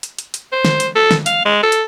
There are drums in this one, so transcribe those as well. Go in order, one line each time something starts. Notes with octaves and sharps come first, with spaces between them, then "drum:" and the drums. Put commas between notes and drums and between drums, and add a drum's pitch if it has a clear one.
drum: hi-hat
drum: hi-hat
drum: hi-hat
C5
drum: snare
drum: hi-hat
A4
drum: snare
F5, drum: hi-hat
G#3
A4
drum: hi-hat